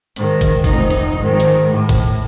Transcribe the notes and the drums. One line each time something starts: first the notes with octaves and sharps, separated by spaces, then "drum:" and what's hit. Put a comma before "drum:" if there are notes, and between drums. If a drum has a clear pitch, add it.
G#2 D#3, drum: hi-hat
drum: kick, hi-hat
F1 D#4, drum: kick, open hi-hat
drum: hi-hat
G#2 D#3
drum: hi-hat
A2
drum: kick, hi-hat